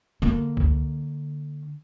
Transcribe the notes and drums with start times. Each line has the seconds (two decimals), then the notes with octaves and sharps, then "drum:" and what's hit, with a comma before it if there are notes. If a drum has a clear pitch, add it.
0.22 D3 A#3
0.57 drum: kick C#2